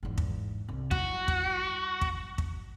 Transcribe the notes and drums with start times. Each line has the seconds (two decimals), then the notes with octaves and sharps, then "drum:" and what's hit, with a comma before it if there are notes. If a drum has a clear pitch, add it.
0.03 E2 G#2
0.18 drum: kick
0.69 C2
0.91 G3 E4 F#4, drum: kick
1.28 drum: kick
2.01 drum: kick
2.38 drum: kick